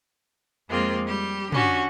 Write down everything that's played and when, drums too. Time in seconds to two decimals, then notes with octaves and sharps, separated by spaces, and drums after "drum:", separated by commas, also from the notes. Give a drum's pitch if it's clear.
0.69 F2 G#3 A#3 C4 F4
1.06 G3 G4
1.52 D3 C#4 F#4 G4, drum: tom